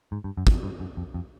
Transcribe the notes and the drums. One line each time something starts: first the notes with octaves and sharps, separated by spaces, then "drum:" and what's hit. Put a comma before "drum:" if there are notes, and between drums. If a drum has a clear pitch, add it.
G#2
G2
F#2
E2, drum: kick
F2
G2
F#2
F2
F2